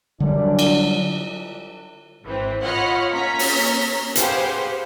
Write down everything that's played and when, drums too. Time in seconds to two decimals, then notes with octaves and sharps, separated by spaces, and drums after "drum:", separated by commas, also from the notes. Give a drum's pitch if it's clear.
0.20 F#2 D3 F#3 G3 D4
0.59 drum: cymbal
2.23 G#1 E3 C4
2.63 F4 C#5 D#5 F#5 B5 F6
3.12 A#3 C#4 C#5 A#5 B6
3.39 drum: open hi-hat
4.15 G4 G#4 B4 C5 F5 F#5, drum: hi-hat